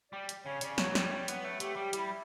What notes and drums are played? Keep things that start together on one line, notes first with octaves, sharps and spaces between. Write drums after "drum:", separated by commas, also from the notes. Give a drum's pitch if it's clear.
G3 D5
drum: hi-hat
C#3 C#5
C#3 D5, drum: hi-hat
F#3 C#5, drum: snare
G3, drum: snare
G3
B3, drum: hi-hat
A3 B4
A3 G4, drum: hi-hat
G3 G4
G3 E4, drum: hi-hat